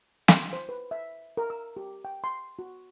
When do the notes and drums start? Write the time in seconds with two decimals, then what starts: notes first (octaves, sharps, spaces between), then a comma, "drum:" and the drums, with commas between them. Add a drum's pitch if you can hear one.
0.28 C6, drum: snare
0.53 C5
0.69 B4
0.91 E5
1.37 A#4
1.50 E6
1.77 G4
2.05 G5
2.24 C6
2.59 F#4